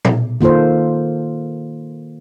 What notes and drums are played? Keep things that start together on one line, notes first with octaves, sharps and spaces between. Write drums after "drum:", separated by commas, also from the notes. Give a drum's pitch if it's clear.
drum: tom A#2
D#3 A#3 F4 A4 C5